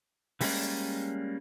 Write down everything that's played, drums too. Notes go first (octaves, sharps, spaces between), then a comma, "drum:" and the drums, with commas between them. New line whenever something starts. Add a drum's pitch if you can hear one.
E3 G3 G#3 A#3 C#4 D5, drum: open hi-hat